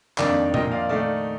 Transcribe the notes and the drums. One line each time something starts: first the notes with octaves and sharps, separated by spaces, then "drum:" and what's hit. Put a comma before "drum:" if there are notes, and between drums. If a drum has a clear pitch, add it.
F2 D#3 A#3 D4 D5 F5, drum: clap
A#2 F3 A#3 D#5 G5, drum: tom A#2
D5 F5
D#3 A3 D#4 D5 F5